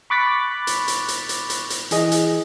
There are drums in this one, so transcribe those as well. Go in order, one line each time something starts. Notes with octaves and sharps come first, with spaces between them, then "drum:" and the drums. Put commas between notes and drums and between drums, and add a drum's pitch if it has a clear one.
B5 C#6 D6 F#6 A6 B6
drum: hi-hat
drum: hi-hat
drum: hi-hat
drum: hi-hat
drum: hi-hat
drum: hi-hat
E3 G#4 D#5, drum: hi-hat
drum: hi-hat